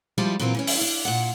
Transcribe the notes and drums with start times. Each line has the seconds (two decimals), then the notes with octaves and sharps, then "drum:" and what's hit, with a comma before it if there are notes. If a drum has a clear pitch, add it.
0.18 F3 G3 G#3 E4 F4 G4
0.39 A#2 E3 F#3 A#3 C4 F4
0.55 E3 G3 C#4
0.67 drum: open hi-hat
0.81 D4
1.05 A#2 F#5